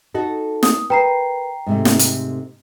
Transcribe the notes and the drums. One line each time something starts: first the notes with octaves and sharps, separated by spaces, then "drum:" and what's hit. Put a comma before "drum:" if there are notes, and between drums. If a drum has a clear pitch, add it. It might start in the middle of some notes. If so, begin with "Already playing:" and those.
D#4 F#4 A4
D#6, drum: snare
A#4 B4 G5 A#5 C7
G#2 C3 A3
drum: snare
drum: hi-hat